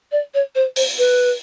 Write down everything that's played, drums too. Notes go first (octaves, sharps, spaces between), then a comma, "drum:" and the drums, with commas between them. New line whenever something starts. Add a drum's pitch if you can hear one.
D5
C#5
C5
C5, drum: open hi-hat
B4